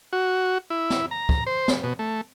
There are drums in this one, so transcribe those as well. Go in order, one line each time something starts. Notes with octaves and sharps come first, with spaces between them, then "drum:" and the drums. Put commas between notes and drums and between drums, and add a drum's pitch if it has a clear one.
F#4
E4
drum: snare
A#5
drum: kick
C5
drum: snare
B2
A3